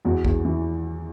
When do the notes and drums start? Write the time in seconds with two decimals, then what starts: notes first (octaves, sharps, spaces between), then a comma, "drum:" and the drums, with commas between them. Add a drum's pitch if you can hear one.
0.05 E2 F#4
0.25 E2, drum: kick
0.45 E3